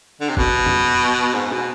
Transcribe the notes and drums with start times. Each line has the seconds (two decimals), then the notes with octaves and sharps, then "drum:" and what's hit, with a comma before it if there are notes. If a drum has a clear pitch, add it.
0.21 D3
0.29 C3
0.37 B2, drum: kick
0.66 drum: tom
1.34 G#2
1.51 B2